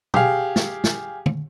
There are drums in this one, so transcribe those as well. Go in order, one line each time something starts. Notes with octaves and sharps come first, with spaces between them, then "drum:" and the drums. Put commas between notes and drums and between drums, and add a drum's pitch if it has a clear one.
G4 G#4 F5, drum: tom
drum: snare
drum: snare
drum: tom